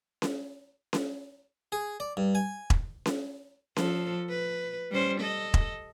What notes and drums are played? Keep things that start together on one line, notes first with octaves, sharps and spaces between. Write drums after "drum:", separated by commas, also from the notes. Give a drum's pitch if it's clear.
drum: snare C#4
drum: snare C#4
G#4
D5
G2
G#5
drum: kick E1
drum: snare C#4
F3 A4, drum: snare C#4
B4
G3 C#4 C5
A4 D#5
drum: kick E1